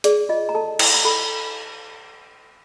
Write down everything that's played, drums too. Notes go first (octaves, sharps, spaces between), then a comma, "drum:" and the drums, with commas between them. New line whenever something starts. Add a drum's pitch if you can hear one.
G#4 D5, drum: hi-hat
F4 D#5
A#5
A4 A5
E4 A#5, drum: cymbal
A#5
A4 B5